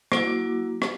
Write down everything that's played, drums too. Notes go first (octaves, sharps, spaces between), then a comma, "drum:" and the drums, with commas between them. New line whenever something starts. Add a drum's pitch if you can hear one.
F#3 A#3 E4 F#4 D6, drum: rim click
drum: rim click